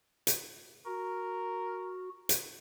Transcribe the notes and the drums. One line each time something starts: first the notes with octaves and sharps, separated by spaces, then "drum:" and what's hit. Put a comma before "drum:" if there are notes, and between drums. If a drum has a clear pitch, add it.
drum: hi-hat
F#4 A#4
drum: hi-hat